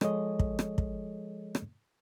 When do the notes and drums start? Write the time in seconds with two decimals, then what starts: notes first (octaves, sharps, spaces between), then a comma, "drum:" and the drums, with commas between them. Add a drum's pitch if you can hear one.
0.01 F3 G#3 G#4 A4 C#5 D#5, drum: rim click
0.39 drum: kick
0.59 drum: rim click
0.78 drum: kick
1.55 drum: rim click